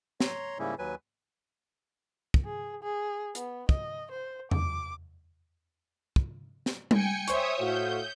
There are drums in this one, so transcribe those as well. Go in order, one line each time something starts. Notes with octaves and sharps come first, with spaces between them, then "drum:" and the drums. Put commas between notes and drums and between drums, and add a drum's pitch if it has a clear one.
C#5 A#5 C6, drum: snare
G#2 C#3 G3 A#3 C#4 E4
D#2 F#3 B4 G#5
drum: kick
G#4
G#4
B3, drum: hi-hat
D#5, drum: kick
C5
D6, drum: tom E2
drum: kick
drum: snare
G5 G#5 C#7, drum: tom G3
C5 C#5 E5 C#6 D#6, drum: hi-hat
A2 F#4 F5 G6